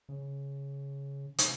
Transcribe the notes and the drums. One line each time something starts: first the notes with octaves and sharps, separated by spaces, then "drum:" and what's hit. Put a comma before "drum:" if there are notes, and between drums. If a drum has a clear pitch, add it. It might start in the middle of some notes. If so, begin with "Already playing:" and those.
C#3
C3, drum: hi-hat